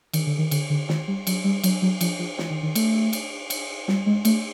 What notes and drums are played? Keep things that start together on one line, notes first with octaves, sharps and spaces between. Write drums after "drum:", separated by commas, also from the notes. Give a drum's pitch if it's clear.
D#3, drum: cymbal
D3
D#3
D3, drum: cymbal
D3
D#3, drum: snare
G3
F#3, drum: cymbal
G3
F#3, drum: cymbal
F#3
F3, drum: cymbal
F3
E3, drum: snare
D#3
D#3
A3, drum: cymbal
drum: cymbal
drum: cymbal
G3, drum: snare
G#3
A3, drum: cymbal